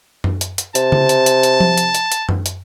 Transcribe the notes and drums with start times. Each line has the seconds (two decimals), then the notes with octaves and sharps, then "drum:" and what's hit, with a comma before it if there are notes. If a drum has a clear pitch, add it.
0.24 drum: tom F#2
0.41 drum: hi-hat
0.58 drum: hi-hat
0.75 C3 A5, drum: hi-hat
0.92 drum: tom C#3
1.09 drum: hi-hat
1.26 drum: hi-hat
1.43 drum: hi-hat
1.60 drum: tom F3
1.77 drum: hi-hat
1.95 drum: hi-hat
2.12 drum: hi-hat
2.29 drum: tom F#2
2.46 drum: hi-hat